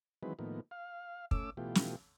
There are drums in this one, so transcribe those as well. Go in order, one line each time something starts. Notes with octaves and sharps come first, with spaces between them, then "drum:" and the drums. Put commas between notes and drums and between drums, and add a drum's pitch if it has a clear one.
D#3 E3 F#3 G#3 C4 B4
A2 D#3 F3 A#3 B3
F5
A3 C#4 D6 E6, drum: kick
B2 E3 A3 F4 G4
drum: snare